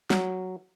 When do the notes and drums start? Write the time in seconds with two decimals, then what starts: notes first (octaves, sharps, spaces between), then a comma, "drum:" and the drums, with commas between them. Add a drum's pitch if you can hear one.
0.10 F#3, drum: snare